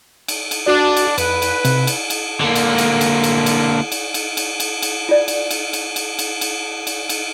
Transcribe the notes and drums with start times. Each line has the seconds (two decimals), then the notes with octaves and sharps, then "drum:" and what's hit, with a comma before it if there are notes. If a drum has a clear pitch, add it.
0.28 drum: cymbal
0.51 drum: cymbal
0.66 D4 F#4 D5
0.97 drum: cymbal
1.18 F2 B4, drum: cymbal
1.42 drum: cymbal
1.65 C3, drum: cymbal
1.87 drum: cymbal
2.10 drum: cymbal
2.40 D3 A#3
2.55 drum: cymbal
2.78 drum: cymbal
3.01 drum: cymbal
3.24 drum: cymbal
3.46 drum: cymbal
3.92 drum: cymbal
4.14 drum: cymbal
4.37 drum: cymbal
4.60 drum: cymbal
4.82 drum: cymbal
5.09 F4 D5
5.28 drum: cymbal
5.51 drum: cymbal
5.73 drum: cymbal
5.96 drum: cymbal
6.19 drum: cymbal
6.41 drum: cymbal
6.87 drum: cymbal
7.09 drum: cymbal